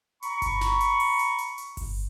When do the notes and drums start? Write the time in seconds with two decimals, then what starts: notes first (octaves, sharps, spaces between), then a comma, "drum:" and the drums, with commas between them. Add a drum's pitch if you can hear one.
0.22 A#5 B5 C#6, drum: hi-hat
0.42 drum: kick G1, hi-hat
0.61 drum: snare
0.80 drum: hi-hat
1.00 drum: open hi-hat
1.19 drum: hi-hat
1.38 drum: hi-hat
1.58 drum: hi-hat
1.77 drum: kick G1, open hi-hat